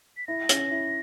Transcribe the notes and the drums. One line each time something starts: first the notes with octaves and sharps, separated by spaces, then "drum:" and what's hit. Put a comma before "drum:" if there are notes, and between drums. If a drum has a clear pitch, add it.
B6
E4 A#6
C#4, drum: hi-hat
E4